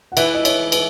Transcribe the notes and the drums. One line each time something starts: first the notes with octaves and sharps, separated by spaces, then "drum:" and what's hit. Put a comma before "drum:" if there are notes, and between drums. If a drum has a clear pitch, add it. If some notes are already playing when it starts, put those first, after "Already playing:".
F#5
E3 E5, drum: cymbal
D#5
C#5, drum: cymbal
B4, drum: cymbal